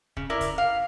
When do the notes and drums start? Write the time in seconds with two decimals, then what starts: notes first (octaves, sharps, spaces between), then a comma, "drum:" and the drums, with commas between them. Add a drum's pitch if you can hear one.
0.17 C#3, drum: kick
0.30 E4 A#4 D5
0.41 drum: kick, hi-hat
0.58 F5